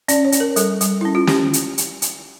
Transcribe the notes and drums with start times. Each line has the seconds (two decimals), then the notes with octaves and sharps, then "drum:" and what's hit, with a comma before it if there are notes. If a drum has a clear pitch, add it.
0.08 C#4 D5, drum: hi-hat
0.25 C#5
0.32 C#4, drum: hi-hat
0.40 A#4
0.56 G3 A4, drum: hi-hat
0.81 G3, drum: hi-hat
1.01 C#4 E4
1.15 F4
1.27 C#4 G4, drum: snare
1.53 drum: hi-hat
1.78 drum: hi-hat
2.02 drum: hi-hat